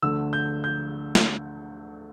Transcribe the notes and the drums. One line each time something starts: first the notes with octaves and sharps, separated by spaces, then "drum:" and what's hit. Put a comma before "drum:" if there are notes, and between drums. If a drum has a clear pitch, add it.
D2 D3 A3 E6
G6
G6
drum: snare